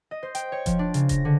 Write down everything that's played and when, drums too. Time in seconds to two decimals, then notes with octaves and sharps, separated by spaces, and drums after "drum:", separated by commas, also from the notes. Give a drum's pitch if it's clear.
0.11 D#5
0.23 C5
0.35 G5, drum: hi-hat
0.52 C#5
0.66 F3, drum: kick E1, hi-hat
0.79 D4
0.94 C#3, drum: hi-hat
1.09 A#6, drum: kick E1, hi-hat
1.25 D3